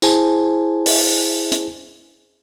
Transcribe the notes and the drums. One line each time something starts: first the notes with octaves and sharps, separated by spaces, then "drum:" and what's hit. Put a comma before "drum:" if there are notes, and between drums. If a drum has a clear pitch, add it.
E4 G#4 C5 G#5 A5, drum: tambourine
drum: open hi-hat
drum: hi-hat